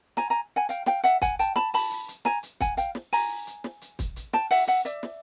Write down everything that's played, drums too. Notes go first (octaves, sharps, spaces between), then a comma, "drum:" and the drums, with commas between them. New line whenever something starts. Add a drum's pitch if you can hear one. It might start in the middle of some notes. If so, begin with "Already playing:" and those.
G#5 A#5, drum: snare
G#5 A#5
F#5 G#5
F5 G5, drum: hi-hat
F5 G5, drum: snare
E5 F#5, drum: hi-hat
F#5 G#5, drum: kick, hi-hat
G5 A5, drum: hi-hat
A5 B5, drum: snare
A5 B5, drum: open hi-hat
drum: hi-hat
drum: hi-hat
G#5 A#5, drum: snare
drum: hi-hat
F#5 G#5, drum: kick, hi-hat
F5 G5, drum: hi-hat
drum: snare
G#5 A#5, drum: open hi-hat
drum: hi-hat
drum: snare
drum: hi-hat
drum: kick, hi-hat
drum: hi-hat
G5 A5, drum: snare
E5 F#5, drum: open hi-hat
E5 F#5, drum: hi-hat
D5 E5, drum: hi-hat
drum: snare